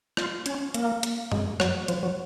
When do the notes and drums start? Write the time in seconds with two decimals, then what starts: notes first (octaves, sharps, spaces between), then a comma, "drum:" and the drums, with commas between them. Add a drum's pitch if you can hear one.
0.17 F4, drum: rim click
0.46 C#4, drum: hi-hat
0.74 A#3, drum: hi-hat
1.03 drum: hi-hat
1.32 G#3, drum: tom F#2
1.60 F#3, drum: rim click
1.88 F3, drum: hi-hat
2.03 F#3